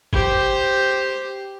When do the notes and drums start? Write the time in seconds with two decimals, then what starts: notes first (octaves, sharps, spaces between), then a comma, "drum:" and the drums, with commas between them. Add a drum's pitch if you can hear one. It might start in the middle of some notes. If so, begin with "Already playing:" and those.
0.13 G4 C5, drum: kick G1